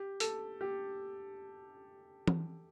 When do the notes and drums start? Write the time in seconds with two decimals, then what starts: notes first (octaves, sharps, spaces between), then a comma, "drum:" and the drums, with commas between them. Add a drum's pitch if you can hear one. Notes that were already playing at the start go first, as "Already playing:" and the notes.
Already playing: G4
0.20 A4, drum: hi-hat
0.61 G4
2.28 drum: tom E3